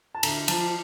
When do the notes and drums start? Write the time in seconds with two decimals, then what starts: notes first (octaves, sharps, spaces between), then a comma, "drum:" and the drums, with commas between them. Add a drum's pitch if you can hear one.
0.15 A5
0.23 D2 A#5, drum: cymbal
0.48 F3 A5, drum: cymbal